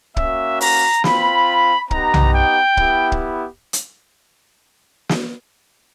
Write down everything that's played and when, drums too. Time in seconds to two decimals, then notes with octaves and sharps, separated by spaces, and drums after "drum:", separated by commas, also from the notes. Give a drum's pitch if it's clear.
0.17 A#3 C#4 F#4 E5, drum: kick
0.61 A#5, drum: open hi-hat
1.04 C4 F4 B5, drum: snare
1.91 B3 D#4 G4 A#5, drum: kick
2.14 drum: tom B1
2.34 G5
2.77 B3 E4 G4, drum: kick
3.12 drum: kick
3.73 drum: hi-hat
5.09 drum: snare